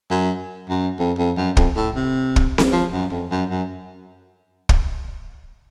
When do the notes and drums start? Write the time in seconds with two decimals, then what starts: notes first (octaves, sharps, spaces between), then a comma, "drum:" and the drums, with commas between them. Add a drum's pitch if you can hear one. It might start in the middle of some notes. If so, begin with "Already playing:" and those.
0.11 F#2
0.69 F#2
0.99 F2
1.18 F2
1.37 F#2
1.57 F2, drum: kick
1.76 A2
1.96 C3
2.36 drum: kick
2.58 drum: snare C4
2.72 F3
2.92 F#2
3.12 F2
3.31 F#2
3.50 F#2
4.69 drum: kick